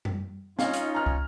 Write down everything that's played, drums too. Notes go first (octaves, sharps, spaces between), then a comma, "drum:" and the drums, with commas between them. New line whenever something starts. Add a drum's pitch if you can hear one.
drum: tom F#2
C#4 D#4 F4 F5, drum: snare C4
drum: hi-hat
A#5 F6
drum: kick